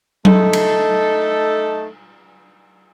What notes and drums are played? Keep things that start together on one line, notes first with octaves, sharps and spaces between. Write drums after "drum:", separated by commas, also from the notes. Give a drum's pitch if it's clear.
A3 D#4 A4, drum: tom F#3
drum: cymbal